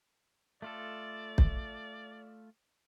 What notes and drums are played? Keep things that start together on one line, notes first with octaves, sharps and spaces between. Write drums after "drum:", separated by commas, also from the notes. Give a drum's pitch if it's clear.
A3 F4 A4 D5
drum: kick